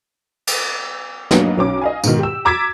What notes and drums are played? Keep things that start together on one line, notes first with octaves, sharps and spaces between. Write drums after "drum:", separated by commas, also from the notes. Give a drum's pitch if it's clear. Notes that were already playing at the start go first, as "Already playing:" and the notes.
drum: cymbal
F#3 A#3 B3 D4 D#4, drum: snare
B1 C#4 D6
D#5 F5 G#5
G#2 B2 D#3, drum: tambourine
G4 E6
A#5 D6 E6 G#6 A6 B6